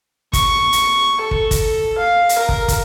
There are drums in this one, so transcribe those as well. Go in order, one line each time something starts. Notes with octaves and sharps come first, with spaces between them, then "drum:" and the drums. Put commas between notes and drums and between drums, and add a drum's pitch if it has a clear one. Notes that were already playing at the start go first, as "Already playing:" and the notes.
C#6, drum: kick, hi-hat
drum: hi-hat
A4
drum: kick
drum: kick, hi-hat
F5
drum: hi-hat
A#4
drum: kick
drum: kick, hi-hat